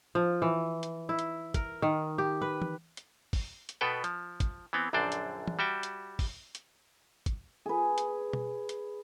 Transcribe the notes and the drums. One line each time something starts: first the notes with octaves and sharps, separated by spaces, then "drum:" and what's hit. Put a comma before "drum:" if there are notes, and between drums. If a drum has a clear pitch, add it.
F3
E3
drum: hi-hat
E4
drum: hi-hat
A#4, drum: kick, hi-hat
D#3
G4
B4
drum: tom
drum: hi-hat
drum: kick, open hi-hat
drum: hi-hat
B2 B3 A4 B4 G5
F3, drum: hi-hat
drum: kick, hi-hat
E3 B3 C4
A#1 F#2 D3 D4 C5 D5
drum: hi-hat
drum: tom
G3 F#4 E5 G5 A5
drum: hi-hat
drum: kick, open hi-hat
drum: hi-hat
drum: kick, hi-hat
G#4 B4
drum: hi-hat
drum: tom B2
drum: hi-hat